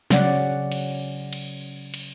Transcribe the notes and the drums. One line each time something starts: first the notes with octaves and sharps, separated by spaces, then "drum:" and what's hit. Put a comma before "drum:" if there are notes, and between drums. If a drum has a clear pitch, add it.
C#3 F#3 C#4 D5 F#5, drum: snare
drum: cymbal
drum: cymbal
drum: cymbal